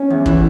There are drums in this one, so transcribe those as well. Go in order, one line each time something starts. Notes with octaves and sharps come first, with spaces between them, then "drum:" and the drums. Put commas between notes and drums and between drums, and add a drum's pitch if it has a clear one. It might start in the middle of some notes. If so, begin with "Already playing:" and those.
Already playing: C#4
E2
E3, drum: kick